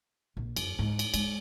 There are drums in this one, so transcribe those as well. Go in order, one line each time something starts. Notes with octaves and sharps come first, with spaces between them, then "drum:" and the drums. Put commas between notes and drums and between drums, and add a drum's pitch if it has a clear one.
A#1
F#2, drum: cymbal
G#2
drum: cymbal
G#3, drum: cymbal